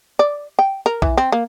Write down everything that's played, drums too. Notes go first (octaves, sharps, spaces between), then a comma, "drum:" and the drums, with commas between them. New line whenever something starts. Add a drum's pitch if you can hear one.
D5
G5
A#4
E3, drum: kick A#1
C4
A#3